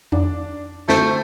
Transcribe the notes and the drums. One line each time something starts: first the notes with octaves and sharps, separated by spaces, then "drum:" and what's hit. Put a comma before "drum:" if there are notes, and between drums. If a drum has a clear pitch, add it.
D4, drum: tom F2
D2 A3 C4 G6, drum: snare